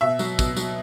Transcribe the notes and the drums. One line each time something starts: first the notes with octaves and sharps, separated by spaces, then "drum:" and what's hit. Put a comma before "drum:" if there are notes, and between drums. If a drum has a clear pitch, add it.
B2 E5
F#3, drum: tambourine
B2, drum: kick, tambourine
F#3, drum: tambourine